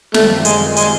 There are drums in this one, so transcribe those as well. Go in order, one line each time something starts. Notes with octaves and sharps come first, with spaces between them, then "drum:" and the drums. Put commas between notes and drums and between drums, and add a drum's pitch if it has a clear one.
F#2 D#3 G3 A3 C4 F4, drum: snare
G#3, drum: hi-hat
G#3, drum: hi-hat